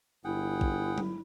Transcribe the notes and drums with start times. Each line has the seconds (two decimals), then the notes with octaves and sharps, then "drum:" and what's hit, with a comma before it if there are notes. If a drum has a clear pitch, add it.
0.24 G1 E4 G#4 F#5 G5
0.61 drum: kick A#1
0.98 drum: tom F#3